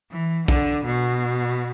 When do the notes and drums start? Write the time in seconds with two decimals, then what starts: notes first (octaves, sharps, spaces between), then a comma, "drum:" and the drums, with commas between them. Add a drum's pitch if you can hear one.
0.11 E3
0.48 D3, drum: kick A#1
0.86 B2